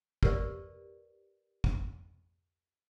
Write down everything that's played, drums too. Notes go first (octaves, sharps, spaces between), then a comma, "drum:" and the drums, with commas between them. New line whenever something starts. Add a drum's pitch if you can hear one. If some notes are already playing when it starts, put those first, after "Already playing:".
G4 A#4 B4 D5, drum: kick
drum: kick